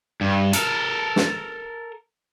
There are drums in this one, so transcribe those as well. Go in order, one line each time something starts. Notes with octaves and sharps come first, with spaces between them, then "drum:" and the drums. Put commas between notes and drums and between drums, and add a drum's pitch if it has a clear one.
G2
A4 A#4, drum: hi-hat
drum: snare